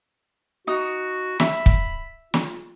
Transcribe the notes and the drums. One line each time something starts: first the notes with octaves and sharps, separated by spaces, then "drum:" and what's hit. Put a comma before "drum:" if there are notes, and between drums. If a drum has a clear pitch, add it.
D#4 F#4 D#6
E5 B5, drum: snare
drum: kick
F4, drum: snare